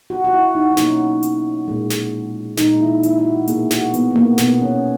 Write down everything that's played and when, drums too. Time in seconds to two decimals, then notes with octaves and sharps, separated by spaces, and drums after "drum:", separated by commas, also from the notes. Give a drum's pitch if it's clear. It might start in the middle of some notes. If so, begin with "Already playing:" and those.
0.10 F#4
0.25 F#4
0.33 E4
0.55 D#4
0.72 D#4
0.77 B2 F#3 A#3 C#4, drum: snare
1.23 drum: hi-hat
1.68 A#2 G#3
1.90 drum: snare
2.57 A#2 G#3 D#4, drum: snare
2.81 E4
3.03 E4, drum: hi-hat
3.19 E4
3.25 F#4
3.48 B2 A#3 G#4, drum: hi-hat
3.71 F#4, drum: snare
3.94 B3, drum: hi-hat
4.11 B3
4.16 A#3, drum: tom A#3
4.38 B2 A#3 B3, drum: snare
4.61 C#4